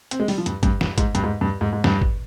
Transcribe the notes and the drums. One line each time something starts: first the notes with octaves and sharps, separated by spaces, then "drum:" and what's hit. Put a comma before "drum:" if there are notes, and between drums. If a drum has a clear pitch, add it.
C4, drum: hi-hat
G#3
G3, drum: open hi-hat
F3
G2, drum: hi-hat
G2, drum: kick G#1, hi-hat
G2, drum: snare
G#2, drum: kick G#1, hi-hat
G2, drum: hi-hat
G#2
G2
G#2
G#2
G2, drum: snare
drum: kick G#1